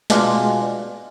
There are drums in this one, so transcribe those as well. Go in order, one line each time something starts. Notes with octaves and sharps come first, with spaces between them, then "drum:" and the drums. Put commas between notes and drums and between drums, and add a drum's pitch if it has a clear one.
B2 G#3 D4 F4, drum: snare